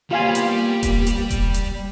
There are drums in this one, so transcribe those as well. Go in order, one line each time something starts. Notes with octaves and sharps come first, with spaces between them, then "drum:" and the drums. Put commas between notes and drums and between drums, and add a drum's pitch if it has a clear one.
G3 A#3 B3 F4 G4 F5 G#5
drum: hi-hat
drum: kick E1, hi-hat
drum: hi-hat
drum: kick E1, hi-hat
drum: hi-hat